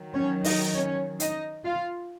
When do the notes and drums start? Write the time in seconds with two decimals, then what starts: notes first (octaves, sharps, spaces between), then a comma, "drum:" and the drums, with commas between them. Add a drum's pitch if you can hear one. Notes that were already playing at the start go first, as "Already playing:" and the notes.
Already playing: D#3 F#3
0.14 C#4 C#5
0.44 D#4 D#5, drum: open hi-hat
0.74 C#4 C#5
1.20 D#4 D#5, drum: hi-hat
1.65 F4 F5